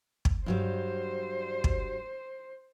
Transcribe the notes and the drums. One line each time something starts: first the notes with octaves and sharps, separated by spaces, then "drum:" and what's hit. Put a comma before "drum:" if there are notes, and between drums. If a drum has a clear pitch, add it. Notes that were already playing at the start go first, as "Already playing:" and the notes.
drum: kick
G2 F#3 G3 C5
drum: kick